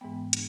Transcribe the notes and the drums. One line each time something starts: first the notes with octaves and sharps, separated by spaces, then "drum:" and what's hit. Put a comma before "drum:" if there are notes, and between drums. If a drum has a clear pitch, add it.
G#2 E3 G#3 B3 G5
D4, drum: hi-hat